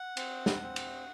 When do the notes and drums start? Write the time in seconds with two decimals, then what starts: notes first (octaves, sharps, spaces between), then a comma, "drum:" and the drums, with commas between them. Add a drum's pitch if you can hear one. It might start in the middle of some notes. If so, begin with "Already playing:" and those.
Already playing: F#5
0.17 C4, drum: cymbal
0.46 drum: snare
0.62 C4
0.76 drum: cymbal